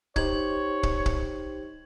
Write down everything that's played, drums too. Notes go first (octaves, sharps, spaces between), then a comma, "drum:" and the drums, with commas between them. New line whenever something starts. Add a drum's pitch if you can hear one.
D#4 G4 C5 C#5 G#6 F#7, drum: kick
drum: kick
drum: kick